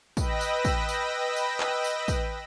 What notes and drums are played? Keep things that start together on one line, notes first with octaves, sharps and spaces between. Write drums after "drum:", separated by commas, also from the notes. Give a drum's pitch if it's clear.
B4 D#5 G5 B5 E6 A#6, drum: kick, tambourine
drum: tambourine
drum: kick, tambourine
drum: tambourine
drum: tambourine
drum: clap
drum: tambourine
drum: kick, tambourine